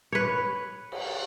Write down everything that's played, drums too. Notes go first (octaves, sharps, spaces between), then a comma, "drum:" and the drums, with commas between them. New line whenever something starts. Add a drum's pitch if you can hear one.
B4 C#5
drum: cymbal